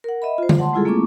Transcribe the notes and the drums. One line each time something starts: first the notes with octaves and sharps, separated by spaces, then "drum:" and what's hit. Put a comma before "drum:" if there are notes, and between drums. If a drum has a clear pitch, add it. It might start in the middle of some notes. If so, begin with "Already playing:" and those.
A#4 F#5
D#5 E5 B5
F4 C5
drum: tom D3
F#5 A5 C6
G3 G#3 E4 F4 G#4 A4
A3 A#3 C4 E4 C#6 D6